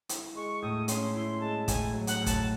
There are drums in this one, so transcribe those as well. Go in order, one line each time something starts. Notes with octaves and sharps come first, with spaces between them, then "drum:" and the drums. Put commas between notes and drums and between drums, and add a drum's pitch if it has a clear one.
E4, drum: hi-hat
G#3 C#6
A2 D#6
C#4 C6, drum: hi-hat
E4 C6
G#3 A5
A2 G#5, drum: kick, hi-hat
F#3
F#5, drum: hi-hat
A2
A5, drum: kick, hi-hat